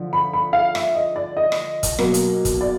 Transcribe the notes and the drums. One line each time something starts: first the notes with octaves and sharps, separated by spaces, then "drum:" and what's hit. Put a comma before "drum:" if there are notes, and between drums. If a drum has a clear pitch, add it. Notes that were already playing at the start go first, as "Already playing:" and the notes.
Already playing: D3 F3
B5
B5
F5
E5, drum: rim click
D#5
D5
D#5
drum: rim click
drum: kick, hi-hat
B2 F#3 A#3, drum: rim click
drum: hi-hat
drum: kick, hi-hat
D5